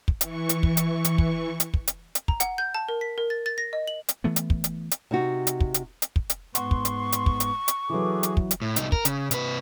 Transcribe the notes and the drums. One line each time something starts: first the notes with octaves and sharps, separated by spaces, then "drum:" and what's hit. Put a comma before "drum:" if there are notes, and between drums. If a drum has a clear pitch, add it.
drum: kick
E3 C#6, drum: hi-hat
drum: hi-hat
drum: kick
drum: hi-hat
drum: hi-hat
drum: kick
drum: hi-hat
drum: kick
drum: hi-hat
drum: hi-hat
A#5, drum: kick
F#5, drum: hi-hat
G6
A5
A#4
B6
A#4
A6
A6
A#6
D#5
F#7
drum: hi-hat
E3 A3 B3
drum: hi-hat
drum: kick
drum: hi-hat
drum: hi-hat
C3 D#4 F#4
drum: hi-hat
drum: kick
drum: hi-hat
drum: hi-hat
drum: kick
drum: hi-hat
G#2 B3 F#5 C6 C#6, drum: hi-hat
drum: kick
drum: hi-hat
drum: hi-hat
drum: kick
drum: hi-hat
drum: hi-hat
E3 F#3 G#4 A4 B4 D6
drum: hi-hat
drum: kick
drum: hi-hat
A2
C2 D#4, drum: hi-hat
A#4, drum: kick
C#3, drum: hi-hat
C3 B4, drum: hi-hat